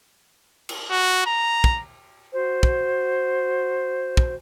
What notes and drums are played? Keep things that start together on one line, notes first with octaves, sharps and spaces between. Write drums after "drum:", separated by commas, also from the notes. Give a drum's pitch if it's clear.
drum: cymbal
F#4
A#5
drum: kick
F#4 C5
drum: kick
drum: kick